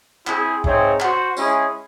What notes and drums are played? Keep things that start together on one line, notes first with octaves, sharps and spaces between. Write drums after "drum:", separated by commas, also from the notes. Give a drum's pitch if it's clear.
C4 E4 G#4, drum: clap
C4 D#4 G#4 C#5 E5, drum: kick C2
F#4 C5 F#5, drum: clap
G#3 C#4 E4 G#4, drum: tambourine